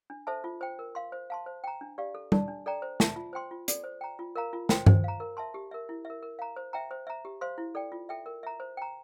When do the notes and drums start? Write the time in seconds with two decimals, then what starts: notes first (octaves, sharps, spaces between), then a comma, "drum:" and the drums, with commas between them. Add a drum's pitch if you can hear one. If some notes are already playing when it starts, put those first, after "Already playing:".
0.10 D4
0.27 A4 C5 E5 A5
0.44 F4
0.61 C5 G5
0.79 A#4
0.95 F5 C6
1.12 C5
1.30 F5 A5 C6
1.46 C5
1.64 G5 A#5
1.81 D4
1.98 G4 D5 F5
2.15 A4
2.32 D5 A5, drum: tom
2.48 D4
2.66 A4 D5 G5 A#5
2.82 C5
3.00 E5 A5, drum: snare
3.16 F4
3.33 C5 G5 C6
3.51 F4
3.68 A4 D5, drum: hi-hat
3.84 C5
4.01 G5 A#5
4.19 F4
4.36 A#4 F5 A#5
4.53 F4
4.69 C5 G5 C6, drum: snare
4.86 C5, drum: tom G2
5.04 F5 A#5
5.20 A#4
5.37 E5 A5 C6
5.54 G4
5.71 A#4 E5
5.89 E4
6.05 E5
6.10 A#4
6.22 A#4
6.39 F5 A#5
6.56 C5
6.73 E5 G5 A#5
6.91 C5
7.07 E5 A#5
7.25 G4
7.41 C5 F5 C6
7.58 E4
7.75 A4 D5 G5
7.92 F4
8.09 A4 E5 G5
8.26 A#4
8.43 E5 A#5
8.60 C5
8.77 G5 A#5